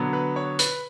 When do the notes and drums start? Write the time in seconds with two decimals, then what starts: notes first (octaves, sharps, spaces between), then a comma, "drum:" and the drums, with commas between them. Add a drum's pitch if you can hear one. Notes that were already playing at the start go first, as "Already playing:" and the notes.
Already playing: D3 F#3 B3
0.13 B4
0.36 C#5
0.59 B4, drum: hi-hat